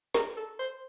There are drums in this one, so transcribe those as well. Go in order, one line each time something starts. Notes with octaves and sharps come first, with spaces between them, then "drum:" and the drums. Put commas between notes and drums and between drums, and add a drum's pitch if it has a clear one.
A#4, drum: snare
A4
C5